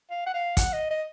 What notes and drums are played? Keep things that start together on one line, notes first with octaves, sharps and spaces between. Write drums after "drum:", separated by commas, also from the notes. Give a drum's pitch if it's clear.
F5
F#5
F5
F#5, drum: kick, hi-hat
D#5
D#5